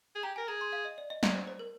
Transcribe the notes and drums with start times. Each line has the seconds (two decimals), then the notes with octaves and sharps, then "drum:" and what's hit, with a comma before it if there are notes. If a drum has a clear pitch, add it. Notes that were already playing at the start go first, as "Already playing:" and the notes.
0.15 G#4
0.23 G4 A#5
0.36 A#4 G#5
0.48 G#4 A#5
0.61 C6
0.73 F5
0.85 D#5
0.98 D5
1.10 D#5
1.23 D5, drum: snare
1.35 C5
1.47 C5
1.59 A#4